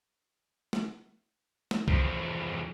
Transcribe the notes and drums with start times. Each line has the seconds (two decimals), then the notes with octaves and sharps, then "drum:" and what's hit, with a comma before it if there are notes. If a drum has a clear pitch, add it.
0.73 drum: snare
1.71 drum: snare
1.88 E2 F3, drum: kick